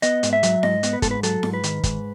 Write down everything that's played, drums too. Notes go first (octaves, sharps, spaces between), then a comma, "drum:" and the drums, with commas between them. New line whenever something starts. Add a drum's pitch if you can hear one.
B3 D#5, drum: hi-hat
G#2, drum: hi-hat
E5
F#3, drum: hi-hat
G#2 D#5, drum: snare E4
B3, drum: hi-hat
B4
G#2 A4, drum: kick G1, hi-hat
B4
F#3 A4, drum: hi-hat
G#2, drum: snare E4
B4
D#3, drum: hi-hat
G#2, drum: kick G1, hi-hat